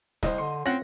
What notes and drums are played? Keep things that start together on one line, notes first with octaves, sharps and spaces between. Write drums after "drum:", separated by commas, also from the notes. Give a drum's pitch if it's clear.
C2 C5 D#5, drum: snare
D3 C6
C4 C#4 F4 F#5 A#6